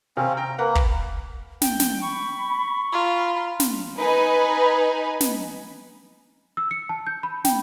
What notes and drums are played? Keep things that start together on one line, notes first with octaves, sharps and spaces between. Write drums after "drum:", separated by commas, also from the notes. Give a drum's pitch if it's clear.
C3 C4 C#4 F5
G5 A#5
A#3 A#4 B4 F#5
drum: kick
G5, drum: snare
drum: snare
B5 C#6
F4 A#5 B5
drum: snare
D#4 B4 G#5
drum: snare
E6
C#7
A5
G6
B5
G5, drum: snare